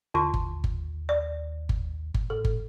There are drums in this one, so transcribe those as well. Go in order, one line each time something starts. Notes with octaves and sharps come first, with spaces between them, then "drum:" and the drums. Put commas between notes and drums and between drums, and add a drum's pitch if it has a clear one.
D#2 D3 F4 C6
drum: kick G1
drum: kick G1
D5
drum: kick G1
drum: kick G1
A2 A4
drum: kick G1